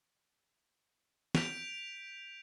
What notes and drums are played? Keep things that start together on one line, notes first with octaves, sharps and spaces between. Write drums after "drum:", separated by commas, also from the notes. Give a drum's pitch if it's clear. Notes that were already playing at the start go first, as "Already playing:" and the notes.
G6 B6 D7 F7, drum: snare